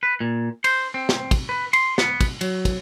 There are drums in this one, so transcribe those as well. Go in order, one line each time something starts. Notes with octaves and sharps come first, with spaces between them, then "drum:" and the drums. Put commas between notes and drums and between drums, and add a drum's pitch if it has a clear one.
B4
A#2
C5, drum: cymbal
C4
drum: snare
drum: kick, cymbal
B4
C6, drum: cymbal
B3, drum: snare
drum: kick, cymbal
F#3, drum: cymbal
drum: kick, cymbal